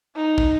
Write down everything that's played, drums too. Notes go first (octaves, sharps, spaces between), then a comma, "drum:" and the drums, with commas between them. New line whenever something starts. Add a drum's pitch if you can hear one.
D#4
drum: kick